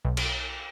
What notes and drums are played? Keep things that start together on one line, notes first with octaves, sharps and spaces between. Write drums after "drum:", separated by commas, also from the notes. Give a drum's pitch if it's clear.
B1
drum: cymbal